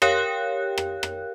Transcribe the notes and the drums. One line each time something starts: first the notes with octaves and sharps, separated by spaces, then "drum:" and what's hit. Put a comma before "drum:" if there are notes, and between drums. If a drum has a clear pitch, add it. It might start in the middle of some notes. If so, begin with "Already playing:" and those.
G4 A#4 C#5 F5 G5 F#6, drum: rim click
drum: rim click
drum: rim click